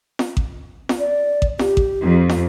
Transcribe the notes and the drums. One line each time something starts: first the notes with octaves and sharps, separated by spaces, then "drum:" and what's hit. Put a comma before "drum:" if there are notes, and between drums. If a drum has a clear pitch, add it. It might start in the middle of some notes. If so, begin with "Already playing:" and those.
drum: snare
drum: kick A1
drum: snare
D5
drum: kick A1
G4, drum: snare
drum: kick A1
F2
drum: snare